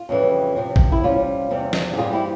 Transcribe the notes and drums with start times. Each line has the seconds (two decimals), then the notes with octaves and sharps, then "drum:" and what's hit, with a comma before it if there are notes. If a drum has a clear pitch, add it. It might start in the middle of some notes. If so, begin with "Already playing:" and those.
Already playing: F4
0.09 F2 C#3 E3 G3
0.56 C3 F3 C4
0.76 drum: kick
0.92 E4
1.03 C3 G3 C#4 F4
1.51 E2 C3 G3 C4
1.73 drum: snare
1.93 G4
1.97 G2 G3 C4 F4 G#4
2.13 E4 G4